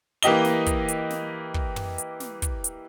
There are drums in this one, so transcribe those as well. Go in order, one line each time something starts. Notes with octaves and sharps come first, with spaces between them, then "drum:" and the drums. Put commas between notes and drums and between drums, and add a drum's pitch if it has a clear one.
E3 A#3 G4 D#5 G7, drum: hi-hat
drum: snare
drum: kick, hi-hat
drum: hi-hat
drum: snare
drum: kick
drum: tom
drum: hi-hat
drum: snare
drum: kick, hi-hat
drum: hi-hat